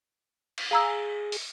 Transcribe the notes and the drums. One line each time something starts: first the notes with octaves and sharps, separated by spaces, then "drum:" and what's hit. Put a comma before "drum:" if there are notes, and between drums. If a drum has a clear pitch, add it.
drum: cymbal
G#4 F5 A#5 E6
drum: open hi-hat